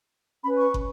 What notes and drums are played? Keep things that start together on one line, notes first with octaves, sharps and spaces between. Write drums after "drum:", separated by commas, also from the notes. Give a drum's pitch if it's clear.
C#4 B4 B5
C#6
drum: kick